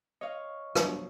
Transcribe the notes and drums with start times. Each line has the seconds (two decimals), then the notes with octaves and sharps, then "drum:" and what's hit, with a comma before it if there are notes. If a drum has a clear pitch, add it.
0.21 C#5 D#5 F5
0.75 G2 F3 F#3, drum: rim click